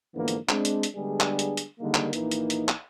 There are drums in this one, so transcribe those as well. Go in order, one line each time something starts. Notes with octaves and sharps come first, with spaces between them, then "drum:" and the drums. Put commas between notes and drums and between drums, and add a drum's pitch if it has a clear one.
G#2 D3 E3 F3 A#3 B3
drum: hi-hat
G#3 C4 D4, drum: clap
drum: hi-hat
drum: hi-hat
D3 G3 G#3 B3 D4 G#4
drum: clap
drum: hi-hat
drum: hi-hat
D3 D#3 G3 G#3 A#3
drum: clap
A#1 E3 A#3 D#4, drum: hi-hat
drum: hi-hat
drum: hi-hat
drum: clap